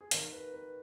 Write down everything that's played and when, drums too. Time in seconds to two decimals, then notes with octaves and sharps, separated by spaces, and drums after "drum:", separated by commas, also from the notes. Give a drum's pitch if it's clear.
0.01 G#4
0.11 D#2 D#3 A#4, drum: hi-hat
0.32 B4
0.54 B4